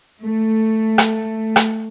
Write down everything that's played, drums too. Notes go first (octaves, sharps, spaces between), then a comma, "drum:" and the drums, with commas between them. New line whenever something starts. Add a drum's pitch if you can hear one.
A3
drum: rim click
drum: rim click